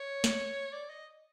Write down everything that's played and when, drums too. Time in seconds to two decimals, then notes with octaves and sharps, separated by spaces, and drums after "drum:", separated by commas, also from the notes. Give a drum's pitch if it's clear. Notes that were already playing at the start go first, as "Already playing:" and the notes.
Already playing: C#5
0.24 drum: snare
0.73 D5
0.90 D#5